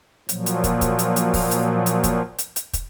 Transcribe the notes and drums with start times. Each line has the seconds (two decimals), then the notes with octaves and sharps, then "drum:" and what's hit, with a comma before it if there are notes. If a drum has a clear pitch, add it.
0.29 A#2 F3 F#3, drum: hi-hat
0.46 drum: hi-hat
0.64 drum: kick, hi-hat
0.81 drum: kick, hi-hat
0.99 drum: hi-hat
1.16 drum: hi-hat
1.34 drum: kick, open hi-hat
1.51 drum: hi-hat
1.86 drum: hi-hat
2.03 drum: kick, hi-hat
2.38 drum: hi-hat
2.56 drum: hi-hat
2.73 drum: kick, hi-hat